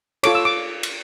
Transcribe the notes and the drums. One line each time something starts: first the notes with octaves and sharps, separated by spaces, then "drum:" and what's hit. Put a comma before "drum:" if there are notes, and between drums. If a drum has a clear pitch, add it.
F4 A4 C#5 D6, drum: cymbal
E6
D6
drum: cymbal